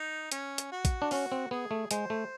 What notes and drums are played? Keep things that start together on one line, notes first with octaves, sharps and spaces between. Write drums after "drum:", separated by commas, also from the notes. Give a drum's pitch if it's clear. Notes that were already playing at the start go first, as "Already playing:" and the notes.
Already playing: D#4
C#4, drum: hi-hat
drum: hi-hat
F#4
drum: kick A1, hi-hat
D4
C#4 F#4, drum: open hi-hat
C4
B3 G#4
A3
G#3 C5, drum: hi-hat
A3